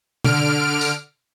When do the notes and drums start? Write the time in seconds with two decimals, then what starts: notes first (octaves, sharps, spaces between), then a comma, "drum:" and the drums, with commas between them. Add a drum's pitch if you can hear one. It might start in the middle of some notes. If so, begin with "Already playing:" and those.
0.24 D3 F6 D7, drum: tom
0.81 drum: tambourine